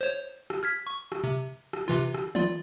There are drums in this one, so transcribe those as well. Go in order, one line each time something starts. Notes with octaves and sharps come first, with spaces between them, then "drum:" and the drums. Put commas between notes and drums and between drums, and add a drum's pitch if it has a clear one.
C5 C#5
drum: rim click
F6 G#6 B6
C#6
drum: rim click
C3
drum: rim click
C3 E3 F4
drum: rim click
F4 D5, drum: tom D#3